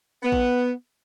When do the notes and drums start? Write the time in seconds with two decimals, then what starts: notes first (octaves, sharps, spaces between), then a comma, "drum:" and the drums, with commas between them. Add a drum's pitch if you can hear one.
0.23 B3
0.32 drum: kick A1